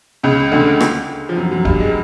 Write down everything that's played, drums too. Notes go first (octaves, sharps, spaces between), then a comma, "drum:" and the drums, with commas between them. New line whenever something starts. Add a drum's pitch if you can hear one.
C#2 C#3
D2 D3
drum: rim click
F3
F#2 F#3
F#2 F#3
G2 G3, drum: kick D1
G#3